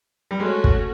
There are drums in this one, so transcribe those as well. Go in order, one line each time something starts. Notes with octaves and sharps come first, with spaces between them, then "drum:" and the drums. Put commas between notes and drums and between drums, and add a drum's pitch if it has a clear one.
G3
G#3 A3 C#4 F#4
drum: kick